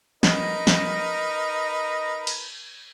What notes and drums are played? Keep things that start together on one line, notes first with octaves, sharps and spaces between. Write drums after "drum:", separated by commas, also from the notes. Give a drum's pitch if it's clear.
D#4 A#4 B4 D#5, drum: snare
drum: snare
drum: cymbal